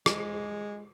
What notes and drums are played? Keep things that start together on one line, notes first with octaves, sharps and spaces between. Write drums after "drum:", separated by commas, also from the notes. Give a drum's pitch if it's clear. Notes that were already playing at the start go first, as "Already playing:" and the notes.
G#3, drum: rim click